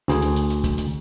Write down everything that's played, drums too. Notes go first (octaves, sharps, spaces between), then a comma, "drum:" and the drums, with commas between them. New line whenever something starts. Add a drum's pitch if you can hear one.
D2 G#4, drum: snare
drum: hi-hat
drum: hi-hat
drum: hi-hat
drum: kick, hi-hat
drum: hi-hat